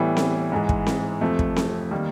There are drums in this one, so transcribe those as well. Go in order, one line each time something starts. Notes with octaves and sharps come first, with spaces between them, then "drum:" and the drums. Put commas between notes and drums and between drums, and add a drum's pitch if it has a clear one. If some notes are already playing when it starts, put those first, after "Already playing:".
Already playing: A2 E3 G3 B3 E4
drum: snare C4
G#2 E3 G#3
drum: kick
drum: snare C4
F2 C3 F3 A3
drum: kick
drum: snare C4
D#3 G3 A#3